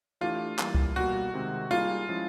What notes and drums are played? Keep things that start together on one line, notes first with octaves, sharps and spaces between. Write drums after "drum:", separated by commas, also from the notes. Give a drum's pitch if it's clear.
E3 A3 D4 F4 G4
E3 G3 A#3, drum: clap
drum: kick C#2
B2 G3 A#3 F#4
C3 D#3 G#3 C4
G3 A#3 D#4 F4 G#4
F3 G#3 C#4 E4